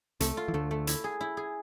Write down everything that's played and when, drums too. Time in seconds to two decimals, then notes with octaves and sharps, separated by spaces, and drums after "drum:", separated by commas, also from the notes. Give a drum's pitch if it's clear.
0.20 C2 C3 A3, drum: hi-hat
0.37 F4
0.48 E3
0.54 D2 D3 A3
0.71 A3
0.87 E4, drum: hi-hat
1.04 G#4
1.21 E4
1.37 G#4